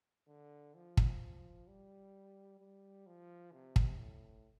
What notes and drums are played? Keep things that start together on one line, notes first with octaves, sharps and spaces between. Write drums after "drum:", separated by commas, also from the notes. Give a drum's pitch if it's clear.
D3
F3
drum: kick
G3
G3
F3
C3
drum: kick
A2